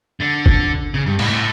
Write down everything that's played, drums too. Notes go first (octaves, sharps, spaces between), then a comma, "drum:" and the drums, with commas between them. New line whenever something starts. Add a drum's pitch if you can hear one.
D3
drum: kick
C#3
G2
A2, drum: cymbal
A2